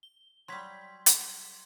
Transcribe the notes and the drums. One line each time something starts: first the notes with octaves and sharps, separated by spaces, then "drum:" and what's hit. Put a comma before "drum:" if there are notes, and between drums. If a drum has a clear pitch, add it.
G7
F#3 G3 C6 G#6 B6
drum: hi-hat